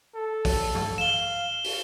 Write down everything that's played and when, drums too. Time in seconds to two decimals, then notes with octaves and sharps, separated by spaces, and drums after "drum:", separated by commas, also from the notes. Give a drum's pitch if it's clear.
0.15 A4
0.45 drum: kick, open hi-hat
0.75 drum: tom G2
0.98 F5 E7 G7
1.64 drum: open hi-hat